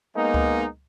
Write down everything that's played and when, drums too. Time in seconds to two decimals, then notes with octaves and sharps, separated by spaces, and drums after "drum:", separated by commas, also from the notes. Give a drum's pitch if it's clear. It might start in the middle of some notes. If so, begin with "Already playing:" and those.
0.15 G#3 A#3 B3 D#4
0.34 drum: kick C#2